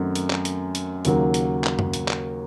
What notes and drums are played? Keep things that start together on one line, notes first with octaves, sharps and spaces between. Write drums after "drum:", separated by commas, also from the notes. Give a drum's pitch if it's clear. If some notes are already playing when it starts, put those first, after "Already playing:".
Already playing: F#2 D#3 F#3 A3 C4
drum: hi-hat
drum: clap
drum: hi-hat
drum: hi-hat
D#2 C#3 F#3 A#3, drum: hi-hat
drum: hi-hat
drum: clap
drum: tom
drum: hi-hat
drum: clap